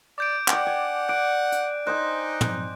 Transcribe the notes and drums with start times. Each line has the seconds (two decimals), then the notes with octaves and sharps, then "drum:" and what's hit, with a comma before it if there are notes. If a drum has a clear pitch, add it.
0.18 D5 D6 G6 D7
0.48 D5 F#5 G5, drum: clap
0.66 G#5
1.09 D5 F#6 D7
1.52 drum: hi-hat
1.87 D#4 C5 D#5 G#5 F#6
2.41 drum: tom